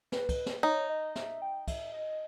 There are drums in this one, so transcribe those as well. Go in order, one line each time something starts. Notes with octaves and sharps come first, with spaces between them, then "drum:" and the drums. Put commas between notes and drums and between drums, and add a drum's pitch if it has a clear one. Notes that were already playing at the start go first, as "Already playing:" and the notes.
B4, drum: snare
drum: kick, cymbal
drum: snare
D#4 C#5
D#5
E5, drum: snare
G5
E5, drum: kick, cymbal
D#5